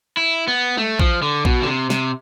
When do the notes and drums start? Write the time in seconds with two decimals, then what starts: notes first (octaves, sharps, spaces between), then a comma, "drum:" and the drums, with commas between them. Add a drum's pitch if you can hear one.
0.17 E4
0.48 B3
0.77 A3, drum: tom G3
1.00 F3, drum: kick A#1
1.22 D3
1.45 B2, drum: kick A#1
1.62 D3
1.67 C3
1.90 C3, drum: snare